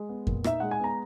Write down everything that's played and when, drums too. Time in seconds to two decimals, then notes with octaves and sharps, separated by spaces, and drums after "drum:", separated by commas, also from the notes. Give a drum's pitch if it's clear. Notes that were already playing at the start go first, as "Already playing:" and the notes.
Already playing: G#3
0.09 B3
0.27 A#2, drum: kick F2
0.44 D#4 E5, drum: rim click
0.60 G#3 F#5
0.71 G#5
0.80 B3 A#5